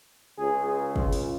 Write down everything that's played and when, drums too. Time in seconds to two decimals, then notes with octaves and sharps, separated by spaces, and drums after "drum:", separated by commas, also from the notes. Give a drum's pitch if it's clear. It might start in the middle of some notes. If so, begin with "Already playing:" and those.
0.37 C#2 C#3 G#4
0.66 G#4
0.96 F4, drum: kick
1.12 drum: open hi-hat